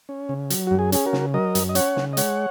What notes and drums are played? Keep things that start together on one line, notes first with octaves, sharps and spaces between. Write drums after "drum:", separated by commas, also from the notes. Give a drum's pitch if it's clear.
C#4
C#3
F#3, drum: hi-hat
F#2 F#4
G#4
C#4 G#4, drum: hi-hat
F#4 A#4
C#3, drum: snare
F#3 A#4 D#5
F#2, drum: hi-hat
D#5
C#4 C#5 F#5, drum: hi-hat
C#3, drum: snare
D#5
G#3 C#5 F#5, drum: hi-hat